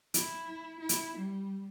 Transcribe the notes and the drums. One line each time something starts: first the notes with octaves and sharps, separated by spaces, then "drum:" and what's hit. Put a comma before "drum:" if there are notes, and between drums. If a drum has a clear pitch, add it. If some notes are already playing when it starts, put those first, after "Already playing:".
E4, drum: hi-hat
E4
drum: hi-hat
G3